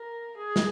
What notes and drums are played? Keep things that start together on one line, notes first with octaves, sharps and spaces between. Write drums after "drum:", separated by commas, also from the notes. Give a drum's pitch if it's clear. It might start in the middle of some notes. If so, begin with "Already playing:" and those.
Already playing: A#4
G#4
drum: snare